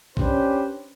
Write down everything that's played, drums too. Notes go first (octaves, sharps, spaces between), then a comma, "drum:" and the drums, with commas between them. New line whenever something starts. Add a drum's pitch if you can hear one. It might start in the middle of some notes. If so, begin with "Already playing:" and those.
C#4 D4 G4 B4 C5, drum: kick A#1